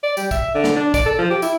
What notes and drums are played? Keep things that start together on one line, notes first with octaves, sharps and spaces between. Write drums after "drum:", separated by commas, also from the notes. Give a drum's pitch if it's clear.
D5
G3, drum: tambourine
E5, drum: kick, tambourine
D3
drum: snare
D4
D5, drum: kick, tambourine
A4
F3
G4
E4, drum: tambourine